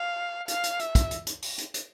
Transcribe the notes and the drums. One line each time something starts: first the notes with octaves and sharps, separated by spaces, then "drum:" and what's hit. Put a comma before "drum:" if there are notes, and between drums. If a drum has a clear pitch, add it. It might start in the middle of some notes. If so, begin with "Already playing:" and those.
Already playing: F5
F5, drum: hi-hat
drum: hi-hat
E5, drum: hi-hat
drum: kick, hi-hat
drum: hi-hat
drum: hi-hat
drum: open hi-hat
drum: hi-hat
drum: hi-hat